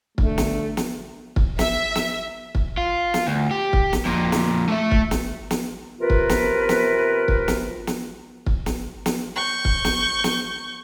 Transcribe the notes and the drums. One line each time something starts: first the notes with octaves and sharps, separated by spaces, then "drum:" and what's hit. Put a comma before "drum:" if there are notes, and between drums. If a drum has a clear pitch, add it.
D3 A3, drum: kick
drum: snare
drum: snare
drum: kick
E5, drum: snare
drum: snare
drum: kick
F4
drum: snare
D2
G4
drum: kick
drum: snare
F2 A#2
drum: snare
A3 E5
drum: kick
drum: snare
drum: snare
C3 F4 A#4 B4
drum: kick
drum: snare
drum: snare
drum: kick
drum: snare
drum: snare
drum: kick
drum: snare
drum: snare
C#6 G6
drum: kick
drum: snare
drum: snare